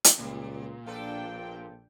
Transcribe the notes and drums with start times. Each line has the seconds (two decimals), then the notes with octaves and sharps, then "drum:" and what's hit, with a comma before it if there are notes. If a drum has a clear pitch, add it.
0.04 drum: hi-hat
0.19 C#2 A#2 G3
0.86 A#1 D4 F4 A4 B4 G5